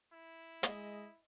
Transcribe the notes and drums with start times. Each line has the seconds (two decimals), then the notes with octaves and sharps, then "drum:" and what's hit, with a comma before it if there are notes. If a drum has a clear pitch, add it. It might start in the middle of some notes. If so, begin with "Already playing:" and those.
0.13 E4
0.63 G#3 D#5, drum: hi-hat